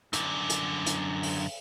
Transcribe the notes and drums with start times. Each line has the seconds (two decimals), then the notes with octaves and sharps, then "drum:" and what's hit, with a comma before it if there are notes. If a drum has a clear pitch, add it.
0.13 F#2 D3, drum: hi-hat
0.50 drum: hi-hat
0.86 drum: hi-hat
1.23 drum: open hi-hat